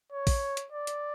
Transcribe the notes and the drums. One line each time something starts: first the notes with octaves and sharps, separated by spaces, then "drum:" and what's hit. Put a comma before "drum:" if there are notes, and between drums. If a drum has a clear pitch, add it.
C#5
drum: kick A#1, open hi-hat
drum: hi-hat
D5
drum: hi-hat